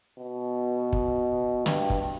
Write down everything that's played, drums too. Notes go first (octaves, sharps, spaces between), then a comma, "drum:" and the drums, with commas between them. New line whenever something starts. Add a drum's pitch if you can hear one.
B2
drum: kick
G2, drum: snare
drum: kick